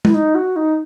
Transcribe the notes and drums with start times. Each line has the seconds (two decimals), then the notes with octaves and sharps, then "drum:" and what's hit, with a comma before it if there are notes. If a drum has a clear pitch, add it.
0.05 E4, drum: tom
0.14 D#4
0.34 F#4
0.56 D#4